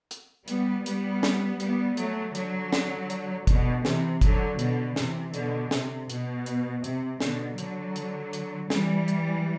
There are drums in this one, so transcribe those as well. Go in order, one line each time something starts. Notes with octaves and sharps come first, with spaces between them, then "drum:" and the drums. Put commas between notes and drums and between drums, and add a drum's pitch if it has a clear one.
drum: hi-hat
G3 B3, drum: hi-hat
G3 B3, drum: hi-hat
drum: snare
G3 B3, drum: hi-hat
F#3 A3, drum: hi-hat
D3 F#3, drum: hi-hat
drum: snare
drum: hi-hat
B2 D3, drum: kick, hi-hat
C3 E3, drum: snare
D3 F#3, drum: kick, hi-hat
B2 D3, drum: hi-hat
C3 E3, drum: snare
B2 D3, drum: hi-hat
C3, drum: snare
B2, drum: hi-hat
drum: hi-hat
C3, drum: hi-hat
B2 D3, drum: snare
D3 F#3, drum: hi-hat
drum: hi-hat
drum: hi-hat
E3 G3, drum: snare
drum: hi-hat